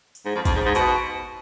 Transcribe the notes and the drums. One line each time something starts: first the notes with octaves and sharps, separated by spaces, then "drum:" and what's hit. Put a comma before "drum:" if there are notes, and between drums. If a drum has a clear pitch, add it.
drum: tambourine
G#2
F2
F2, drum: kick A1, tambourine
G#2
G#2
B2, drum: tambourine